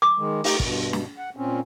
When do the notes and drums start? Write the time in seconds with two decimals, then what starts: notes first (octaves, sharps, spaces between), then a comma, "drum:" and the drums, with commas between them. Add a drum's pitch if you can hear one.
0.02 D6
0.18 D#3 G#3
0.44 A3 D#4 G4, drum: open hi-hat
0.60 G2 B2, drum: kick
0.93 drum: snare
1.18 F#5
1.37 A#2 C4 C#4